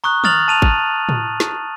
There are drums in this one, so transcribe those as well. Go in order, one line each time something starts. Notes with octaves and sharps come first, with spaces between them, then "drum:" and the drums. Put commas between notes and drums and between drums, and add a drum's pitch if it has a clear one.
A#5 C#6 D#6 F#6
D#6 F6 A6 F7 F#7, drum: tom D#3
A5 D#7 F7
drum: kick
drum: tom A2
drum: snare